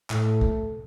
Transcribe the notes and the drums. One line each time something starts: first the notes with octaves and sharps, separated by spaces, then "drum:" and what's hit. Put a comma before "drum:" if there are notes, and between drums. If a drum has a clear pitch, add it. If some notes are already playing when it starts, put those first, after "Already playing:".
A2 A3, drum: clap
drum: kick